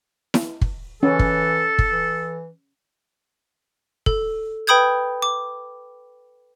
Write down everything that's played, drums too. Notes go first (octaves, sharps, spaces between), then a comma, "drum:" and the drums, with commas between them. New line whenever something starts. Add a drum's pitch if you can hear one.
drum: snare E4
drum: kick
E3 C#4 A4
drum: kick
drum: kick
E3
A4, drum: kick
B4 G5 B5 D#6 G6 G#6
D6